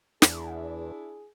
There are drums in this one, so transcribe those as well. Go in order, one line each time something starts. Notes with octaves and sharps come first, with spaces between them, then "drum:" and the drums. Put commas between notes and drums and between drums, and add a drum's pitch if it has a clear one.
E2 D4 E4 G#4, drum: snare